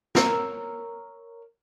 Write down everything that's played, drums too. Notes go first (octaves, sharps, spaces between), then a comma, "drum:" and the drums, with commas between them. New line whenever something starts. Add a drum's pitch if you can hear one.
A#4 C#5 A#5 E6, drum: snare